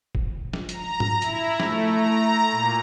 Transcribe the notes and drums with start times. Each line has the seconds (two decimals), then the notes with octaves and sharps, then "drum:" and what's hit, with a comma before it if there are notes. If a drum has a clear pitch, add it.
0.15 drum: kick
0.53 drum: snare
0.69 A#5, drum: hi-hat
1.00 drum: tom G#2
1.22 E4, drum: hi-hat
1.60 A3, drum: snare
1.91 A#5
2.52 A#2